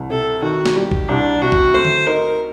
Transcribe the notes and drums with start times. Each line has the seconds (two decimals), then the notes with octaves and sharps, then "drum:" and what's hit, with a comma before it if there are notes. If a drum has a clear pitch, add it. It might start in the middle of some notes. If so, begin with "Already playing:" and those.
Already playing: C2
0.10 C3 A4
0.42 D#3 F#4
0.66 drum: snare
0.76 G3 G4
0.91 drum: kick
1.08 C2 D4
1.42 C3 F#4
1.52 drum: kick
1.74 A3 C5
1.85 drum: tom
2.07 D#4 A#4